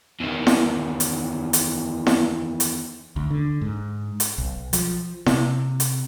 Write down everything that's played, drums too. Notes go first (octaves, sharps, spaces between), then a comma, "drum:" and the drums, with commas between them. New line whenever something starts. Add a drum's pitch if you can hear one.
E2 D#3
drum: snare E4
drum: hi-hat
drum: hi-hat
drum: snare E4
drum: hi-hat
D2
D3
G#2
drum: hi-hat
B1
F3, drum: hi-hat
C3, drum: snare E4
drum: hi-hat